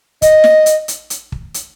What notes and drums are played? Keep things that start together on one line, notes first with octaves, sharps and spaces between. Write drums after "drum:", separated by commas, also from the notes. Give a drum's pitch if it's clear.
D#5, drum: kick, hi-hat
drum: snare
drum: hi-hat
drum: hi-hat
drum: hi-hat
drum: kick
drum: hi-hat